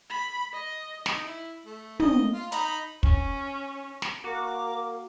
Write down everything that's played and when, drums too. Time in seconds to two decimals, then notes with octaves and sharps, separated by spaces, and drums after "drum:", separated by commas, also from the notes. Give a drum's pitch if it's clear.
0.10 B5
0.53 D#5
1.06 D#4, drum: snare
1.25 E4
1.66 A3
1.99 D#5, drum: tom
2.33 F4
2.52 D#4 A#5 B5, drum: hi-hat
3.03 C#4, drum: kick
4.02 drum: snare
4.24 A#3 F#4 A#4 A#5 D6